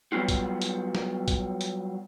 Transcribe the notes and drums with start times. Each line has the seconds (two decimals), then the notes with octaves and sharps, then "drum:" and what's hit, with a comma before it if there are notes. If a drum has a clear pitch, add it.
0.12 F#3 G3 B3 F4 F#4
0.29 drum: kick A#1, hi-hat
0.62 drum: hi-hat
0.95 drum: snare
1.28 drum: kick A#1, hi-hat
1.61 drum: hi-hat